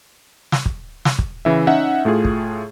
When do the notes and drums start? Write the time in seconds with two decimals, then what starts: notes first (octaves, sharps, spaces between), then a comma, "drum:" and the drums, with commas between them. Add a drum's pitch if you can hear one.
0.52 drum: snare
0.66 drum: kick
1.05 drum: snare
1.19 drum: kick
1.45 C#3 E3 E5
1.67 C#4 D#4 E5 F#5
2.05 A2 A3 F4 G#4
2.25 drum: kick